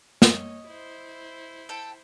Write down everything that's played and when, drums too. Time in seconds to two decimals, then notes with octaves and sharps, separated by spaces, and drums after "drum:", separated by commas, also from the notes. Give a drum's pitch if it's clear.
0.22 C#5 D#5, drum: snare
0.68 E4 C5
1.69 A4 G5